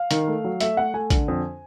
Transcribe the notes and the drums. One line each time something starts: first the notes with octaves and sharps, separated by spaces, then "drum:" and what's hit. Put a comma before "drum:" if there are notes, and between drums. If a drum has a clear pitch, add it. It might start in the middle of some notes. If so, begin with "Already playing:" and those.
Already playing: F5
D#3, drum: hi-hat
A3
F#3
A3 E5, drum: hi-hat
A3 F#5
A3 G#5
D3, drum: kick, hi-hat
F2